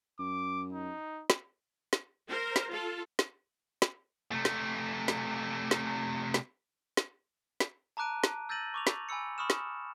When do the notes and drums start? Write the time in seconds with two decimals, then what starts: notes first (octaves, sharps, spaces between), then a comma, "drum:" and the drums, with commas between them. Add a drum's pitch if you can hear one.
0.19 F#2 D6
0.73 D#4
1.30 drum: snare
1.93 drum: snare
2.28 A#4 C5
2.56 drum: snare
2.70 F4 A4
3.19 drum: snare
3.82 drum: snare
4.32 C3 A3
4.45 drum: snare
5.08 drum: snare
5.71 drum: snare
6.34 drum: snare
6.97 drum: snare
7.60 drum: snare
7.97 A5 A#5 D6 F#6 D7 D#7
8.24 drum: snare
8.49 E6 G6 A6 A#6 D#7 F#7
8.74 C#6 D6 F7
8.87 drum: snare
9.09 G#5 B5 E6 C#7
9.38 B5 C#6 D#6 F6 E7
9.50 drum: snare